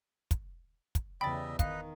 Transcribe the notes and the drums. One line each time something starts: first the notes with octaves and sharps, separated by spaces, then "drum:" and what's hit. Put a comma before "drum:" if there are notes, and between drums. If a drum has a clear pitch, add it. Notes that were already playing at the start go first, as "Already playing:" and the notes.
drum: kick, hi-hat
drum: kick, hi-hat
E2 C#3 G3 D#5 E5 G5 B5 A6
D#3 D#4 B4 D#5 F5, drum: kick, hi-hat